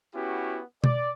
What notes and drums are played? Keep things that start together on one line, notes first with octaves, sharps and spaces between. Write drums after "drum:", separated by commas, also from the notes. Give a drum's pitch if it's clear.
B3 C#4 E4 F#4 G4
D5, drum: tom B2